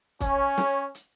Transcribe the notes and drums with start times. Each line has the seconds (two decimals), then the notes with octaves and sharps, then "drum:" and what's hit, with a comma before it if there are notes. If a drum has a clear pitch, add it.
0.20 C#4, drum: kick, hi-hat
0.58 drum: snare
0.95 drum: hi-hat